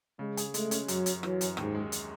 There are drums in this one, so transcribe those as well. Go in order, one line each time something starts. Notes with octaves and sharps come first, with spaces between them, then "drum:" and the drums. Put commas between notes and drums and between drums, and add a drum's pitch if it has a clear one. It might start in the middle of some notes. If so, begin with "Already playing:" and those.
C#3 G#3
G#4, drum: hi-hat
G#3 A3, drum: hi-hat
C#4, drum: hi-hat
F#2 F#3, drum: hi-hat
F#2, drum: hi-hat
E3 F#3, drum: rim click
F#2, drum: hi-hat
D#2 G#2, drum: rim click
G#3
drum: hi-hat